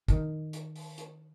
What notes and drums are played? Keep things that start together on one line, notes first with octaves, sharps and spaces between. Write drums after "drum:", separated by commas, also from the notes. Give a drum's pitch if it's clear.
D#3, drum: kick, hi-hat
drum: hi-hat
drum: open hi-hat
drum: hi-hat